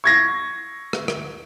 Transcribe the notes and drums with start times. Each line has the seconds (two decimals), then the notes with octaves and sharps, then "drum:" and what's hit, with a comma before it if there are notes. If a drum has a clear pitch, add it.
0.04 C#6 G#6 A#6
0.93 drum: rim click
1.08 drum: rim click